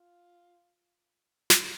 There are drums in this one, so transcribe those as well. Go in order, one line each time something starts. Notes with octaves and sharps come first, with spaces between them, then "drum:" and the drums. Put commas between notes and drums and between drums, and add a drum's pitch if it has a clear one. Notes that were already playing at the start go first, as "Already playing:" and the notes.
Already playing: F4
drum: snare